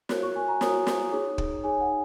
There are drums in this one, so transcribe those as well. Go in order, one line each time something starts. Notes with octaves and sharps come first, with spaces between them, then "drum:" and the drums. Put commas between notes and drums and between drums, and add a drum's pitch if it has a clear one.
F#4 A#4 C#5 F#6, drum: snare
C#6
G#5
A#5
F#4 A#4 C#5 D#6, drum: snare
drum: snare
D#4 G#4 C#5
drum: kick
D#4 G#4 C#5 G#5
F#5